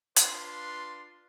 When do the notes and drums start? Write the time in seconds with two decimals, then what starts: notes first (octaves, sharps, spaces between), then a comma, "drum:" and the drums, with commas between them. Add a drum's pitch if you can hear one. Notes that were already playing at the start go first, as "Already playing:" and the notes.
0.16 D4 F4 B4 C6, drum: hi-hat